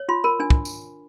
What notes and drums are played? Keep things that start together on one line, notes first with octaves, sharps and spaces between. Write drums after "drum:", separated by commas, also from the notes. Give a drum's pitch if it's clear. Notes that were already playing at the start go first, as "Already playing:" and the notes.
Already playing: C#5
F4 C6
A#4 B5
D4 G#5
drum: kick
drum: tambourine